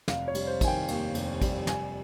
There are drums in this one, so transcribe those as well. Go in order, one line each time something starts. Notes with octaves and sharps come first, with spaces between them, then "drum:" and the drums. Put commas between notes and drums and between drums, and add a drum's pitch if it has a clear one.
F1 F5, drum: snare
C#5
G3, drum: cymbal
C5
D#3 G#5, drum: kick, cymbal
G5
D#2, drum: cymbal
F1, drum: cymbal
G3, drum: kick, cymbal
F1 G#5, drum: snare